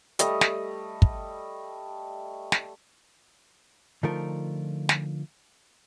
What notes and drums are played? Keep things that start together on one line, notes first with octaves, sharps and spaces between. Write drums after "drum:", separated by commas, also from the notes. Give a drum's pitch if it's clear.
G3 A3 D#5, drum: hi-hat
drum: snare
drum: kick
drum: snare
D3 F3 A3 D#4 F4 A#4
drum: snare